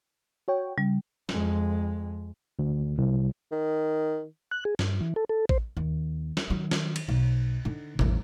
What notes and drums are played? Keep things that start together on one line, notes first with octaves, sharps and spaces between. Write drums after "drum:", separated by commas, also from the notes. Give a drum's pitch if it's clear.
F#4 C#5 G5
C#3 G3
F2 G#3, drum: snare
D2
C2
D#3
F#6
G#4
G2, drum: snare
E3
A4
A4
C5, drum: kick A1
D#2
drum: snare
D#3 F#3
drum: snare
drum: cymbal
B1
D3 D#4
A1 E2, drum: tom B2